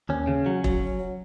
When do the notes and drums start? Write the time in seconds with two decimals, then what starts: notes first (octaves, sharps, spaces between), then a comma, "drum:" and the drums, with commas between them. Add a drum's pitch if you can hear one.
0.09 D#2 C#4
0.27 C#3
0.46 F#3
0.64 F#3, drum: kick E1